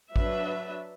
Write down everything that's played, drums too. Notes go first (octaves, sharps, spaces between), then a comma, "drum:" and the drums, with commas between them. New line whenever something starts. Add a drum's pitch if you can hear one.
F#3 D4 B4 E5, drum: kick A1